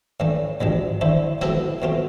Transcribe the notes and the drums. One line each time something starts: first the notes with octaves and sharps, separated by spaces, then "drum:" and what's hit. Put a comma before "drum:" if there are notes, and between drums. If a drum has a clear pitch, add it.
A2 E3 A3 D4
D2 C3 F3 G#3 D4, drum: tom
drum: tom D3
D3 A3 E4 A4 C5
B2 G#3 C4 E4 A4, drum: snare
B2 A3 C4 F4